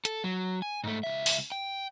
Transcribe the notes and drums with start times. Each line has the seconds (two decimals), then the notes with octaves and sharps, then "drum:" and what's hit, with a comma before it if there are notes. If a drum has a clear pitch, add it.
0.05 A4, drum: hi-hat
0.24 F#3
0.62 G#5
0.84 G#2 A3
1.03 C#2 E5
1.26 drum: open hi-hat
1.52 G5